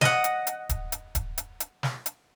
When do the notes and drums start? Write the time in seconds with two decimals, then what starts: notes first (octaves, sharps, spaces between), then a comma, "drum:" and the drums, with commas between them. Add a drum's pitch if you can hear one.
0.01 D#5 F#5, drum: snare
0.24 drum: hi-hat
0.47 drum: hi-hat
0.69 drum: kick D1, hi-hat
0.92 drum: hi-hat
1.15 drum: kick D1, hi-hat
1.38 drum: hi-hat
1.60 drum: hi-hat
1.83 drum: snare
2.06 drum: hi-hat